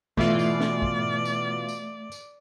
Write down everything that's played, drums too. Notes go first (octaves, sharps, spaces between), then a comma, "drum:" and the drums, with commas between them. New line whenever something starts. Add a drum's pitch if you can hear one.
B2 E3 A3 F4 D5 E5, drum: kick
drum: tambourine
drum: snare
drum: kick
drum: tambourine
drum: tambourine
drum: tambourine